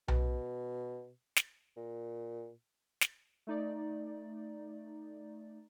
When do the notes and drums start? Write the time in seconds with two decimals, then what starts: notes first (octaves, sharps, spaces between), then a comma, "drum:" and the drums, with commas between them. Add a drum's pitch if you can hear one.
0.08 B2, drum: tom B1
1.36 drum: snare
1.77 A#2
3.01 drum: snare
3.47 A3 D#4 D5